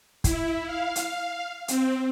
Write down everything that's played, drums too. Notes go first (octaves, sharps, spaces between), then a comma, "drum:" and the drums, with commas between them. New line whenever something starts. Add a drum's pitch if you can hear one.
E4, drum: kick, hi-hat
F5
drum: hi-hat
C4, drum: hi-hat